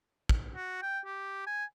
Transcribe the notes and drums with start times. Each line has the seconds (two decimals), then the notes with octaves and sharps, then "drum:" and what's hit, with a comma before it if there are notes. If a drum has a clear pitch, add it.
0.29 drum: kick
0.54 F#4
0.82 G5
1.06 G4
1.47 G#5